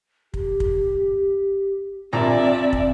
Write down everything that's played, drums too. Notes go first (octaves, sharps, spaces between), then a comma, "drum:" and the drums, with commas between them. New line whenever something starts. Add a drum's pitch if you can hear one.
G4, drum: kick
drum: kick
A#1 A#2 C4 D5 E5 A#5
drum: kick